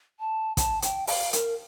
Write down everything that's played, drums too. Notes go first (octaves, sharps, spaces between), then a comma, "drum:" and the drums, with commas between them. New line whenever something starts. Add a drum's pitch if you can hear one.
A5
A5, drum: kick, hi-hat
G5, drum: hi-hat
F5, drum: open hi-hat
A#4, drum: hi-hat